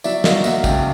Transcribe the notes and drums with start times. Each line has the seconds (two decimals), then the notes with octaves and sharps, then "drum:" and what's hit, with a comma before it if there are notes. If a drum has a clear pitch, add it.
0.04 F#3 D5 E5, drum: tambourine
0.24 F#3 D#5 F5, drum: snare
0.44 A#3 E5 F#5, drum: tambourine
0.64 C#2 F5 G5, drum: kick, tambourine